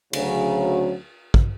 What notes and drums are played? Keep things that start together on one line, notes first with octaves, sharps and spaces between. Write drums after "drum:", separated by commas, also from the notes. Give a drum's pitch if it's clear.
D2 C#3 F#3, drum: cymbal
drum: kick